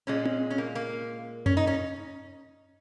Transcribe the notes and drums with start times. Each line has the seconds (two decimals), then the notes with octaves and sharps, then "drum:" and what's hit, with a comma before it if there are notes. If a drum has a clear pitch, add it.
0.07 A#2 G#3 C#4
0.25 drum: tom C4
0.50 C#4
0.58 A#3
0.75 A#3
1.46 C#4, drum: tom F#2
1.57 D#4
1.67 C#4